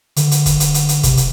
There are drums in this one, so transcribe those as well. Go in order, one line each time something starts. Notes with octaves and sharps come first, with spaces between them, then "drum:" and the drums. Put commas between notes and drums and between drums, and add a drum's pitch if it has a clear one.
D3, drum: hi-hat
drum: hi-hat
drum: kick, hi-hat
drum: hi-hat
drum: hi-hat
drum: hi-hat
C3, drum: kick, hi-hat
drum: hi-hat